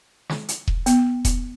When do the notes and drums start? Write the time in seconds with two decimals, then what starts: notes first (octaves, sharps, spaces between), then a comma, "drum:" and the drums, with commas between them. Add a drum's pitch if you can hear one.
0.29 drum: snare
0.49 drum: hi-hat
0.68 drum: kick E1
0.86 B3, drum: hi-hat
1.25 drum: kick E1, hi-hat